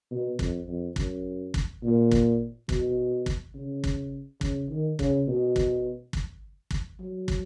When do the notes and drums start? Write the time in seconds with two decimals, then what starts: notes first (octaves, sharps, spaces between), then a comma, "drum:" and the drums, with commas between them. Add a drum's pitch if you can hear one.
0.11 B2
0.39 F2, drum: kick
0.67 F2
0.96 F#2, drum: kick
1.54 drum: kick
1.83 A#2
2.11 drum: kick
2.69 B2, drum: kick
3.26 drum: kick
3.55 C#3
3.84 drum: kick
4.41 C#3, drum: kick
4.70 D#3
4.99 C#3, drum: kick
5.28 B2
5.56 drum: kick
6.13 drum: kick
6.71 drum: kick
6.99 F#3
7.28 drum: kick